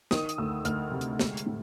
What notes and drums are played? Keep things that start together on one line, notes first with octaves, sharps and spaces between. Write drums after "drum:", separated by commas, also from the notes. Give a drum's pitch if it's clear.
D#3 D#6, drum: snare
drum: hi-hat
D2 E6
D2 F6, drum: hi-hat
C3
drum: hi-hat
G#3, drum: snare
drum: hi-hat
A2